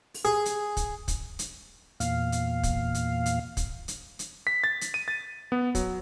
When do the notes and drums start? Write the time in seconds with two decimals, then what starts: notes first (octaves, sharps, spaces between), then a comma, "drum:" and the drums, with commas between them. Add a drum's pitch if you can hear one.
0.14 drum: open hi-hat
0.25 G#4
0.46 drum: hi-hat
0.77 drum: kick, hi-hat
1.08 drum: kick, hi-hat
1.39 drum: hi-hat
2.00 E2 A#2 F5, drum: hi-hat
2.32 drum: hi-hat
2.63 drum: kick, hi-hat
2.95 drum: hi-hat
3.26 drum: hi-hat
3.57 drum: kick, hi-hat
3.88 drum: hi-hat
4.19 drum: hi-hat
4.47 B6
4.64 A6
4.81 drum: hi-hat
4.94 D#7
5.08 A6
5.52 B3
5.75 F#3, drum: kick, hi-hat